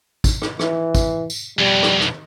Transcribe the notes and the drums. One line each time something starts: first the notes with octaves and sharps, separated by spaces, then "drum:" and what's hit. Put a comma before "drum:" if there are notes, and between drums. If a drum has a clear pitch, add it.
drum: kick, tambourine
drum: rim click
E3, drum: rim click
drum: kick, tambourine
drum: tambourine
F2 B2 G3
drum: rim click
drum: rim click